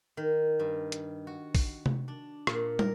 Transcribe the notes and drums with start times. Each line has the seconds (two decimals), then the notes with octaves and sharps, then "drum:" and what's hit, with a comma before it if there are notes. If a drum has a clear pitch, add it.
0.17 D#3
0.60 G2
0.92 drum: hi-hat
1.27 F#4
1.55 drum: kick A#1, open hi-hat
1.86 drum: tom C3
2.08 D4
2.47 A#2, drum: rim click
2.79 A#4, drum: tom